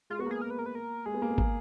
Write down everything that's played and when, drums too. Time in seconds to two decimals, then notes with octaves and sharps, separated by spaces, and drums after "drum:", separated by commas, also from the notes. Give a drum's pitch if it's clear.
0.10 G#3 F4
0.19 B3 F#4
0.26 A#3 G#4
0.42 A#4
0.50 B4
0.59 A#4
0.66 B4
0.75 A#4
1.06 G#3 G#4
1.14 B3
1.22 A#3
1.30 B3
1.38 A#3, drum: kick